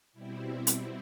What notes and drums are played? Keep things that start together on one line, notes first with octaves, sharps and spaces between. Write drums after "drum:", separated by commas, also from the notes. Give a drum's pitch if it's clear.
B2 G3 C4 E4
drum: hi-hat